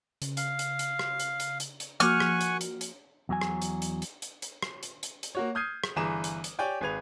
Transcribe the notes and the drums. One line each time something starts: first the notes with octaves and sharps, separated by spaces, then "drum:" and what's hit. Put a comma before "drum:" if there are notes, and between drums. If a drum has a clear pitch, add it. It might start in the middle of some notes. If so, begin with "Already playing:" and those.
C#3, drum: hi-hat
F5, drum: hi-hat
drum: hi-hat
drum: hi-hat
drum: rim click
drum: hi-hat
drum: hi-hat
drum: hi-hat
drum: hi-hat
F3 A#3 F#4 F#5 G#5 C#6 F6, drum: hi-hat
drum: rim click
drum: hi-hat
drum: hi-hat
drum: hi-hat
E2 F#3 G#5
drum: rim click
drum: hi-hat
drum: hi-hat
drum: hi-hat
drum: hi-hat
drum: hi-hat
drum: rim click
drum: hi-hat
drum: hi-hat
drum: hi-hat
A#3 F#4 C#5
D#6 F6 G6 G#6 C7 D#7
drum: rim click
G1 E3 G#4 A#5 D6 E7
drum: hi-hat
drum: hi-hat
G4 C#5 D5 G5 G#5
G#1 G#4 B4 G#6 F7